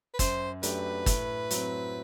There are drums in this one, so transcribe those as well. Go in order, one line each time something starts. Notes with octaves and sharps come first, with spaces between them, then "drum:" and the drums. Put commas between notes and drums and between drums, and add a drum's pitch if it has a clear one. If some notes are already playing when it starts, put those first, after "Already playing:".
B4
F#2 C5, drum: kick, hi-hat
F#3 A3 D4 G4 B4, drum: hi-hat
A2, drum: kick, hi-hat
F#3 C4, drum: hi-hat